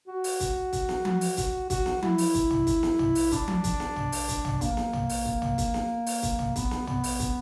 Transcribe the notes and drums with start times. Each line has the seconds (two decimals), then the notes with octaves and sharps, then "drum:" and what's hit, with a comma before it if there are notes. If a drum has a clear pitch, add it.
0.07 F#4
0.24 drum: open hi-hat
0.40 drum: kick, hi-hat
0.73 drum: kick, hi-hat
0.89 drum: snare
1.05 drum: tom F3
1.21 drum: open hi-hat
1.37 F#4, drum: kick, hi-hat
1.70 F#4, drum: kick, hi-hat
1.86 drum: snare
2.02 E4, drum: tom F3
2.18 drum: open hi-hat
2.34 drum: kick, hi-hat
2.51 drum: tom
2.67 drum: kick, hi-hat
2.83 drum: snare
2.99 drum: tom
3.15 drum: open hi-hat
3.32 D4, drum: kick, hi-hat
3.48 drum: tom F3
3.64 drum: kick, hi-hat
3.80 drum: snare
3.96 drum: tom
4.12 drum: open hi-hat
4.29 drum: kick, hi-hat
4.45 drum: tom
4.61 A#3, drum: kick, hi-hat
4.77 drum: snare
4.93 drum: tom
5.09 drum: open hi-hat
5.26 drum: kick
5.42 drum: tom
5.58 drum: kick, hi-hat
5.74 drum: snare
6.06 drum: open hi-hat
6.23 drum: kick, hi-hat
6.39 drum: tom
6.56 B3, drum: kick, hi-hat
6.71 drum: snare
6.87 B3, drum: tom
7.04 drum: open hi-hat
7.20 drum: kick, hi-hat